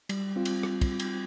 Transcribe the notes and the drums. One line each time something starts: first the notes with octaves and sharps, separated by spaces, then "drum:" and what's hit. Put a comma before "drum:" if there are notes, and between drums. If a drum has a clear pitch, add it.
G3, drum: cymbal
C4 F4
drum: cymbal
drum: rim click
drum: kick, cymbal
drum: cymbal